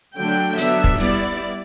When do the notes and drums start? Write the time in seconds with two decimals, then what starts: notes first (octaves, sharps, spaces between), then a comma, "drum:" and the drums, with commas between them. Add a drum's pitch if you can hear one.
0.17 D3 F#3 A3 D4 G5
0.58 F#3 B3 D4 E5, drum: hi-hat
0.84 drum: kick
0.99 G3 B3 E4 D5, drum: open hi-hat